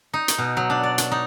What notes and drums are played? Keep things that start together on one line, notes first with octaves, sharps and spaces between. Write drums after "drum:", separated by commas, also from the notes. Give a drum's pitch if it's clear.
D#4
drum: hi-hat
B2
F#3
D4
D5
D4, drum: hi-hat
D#4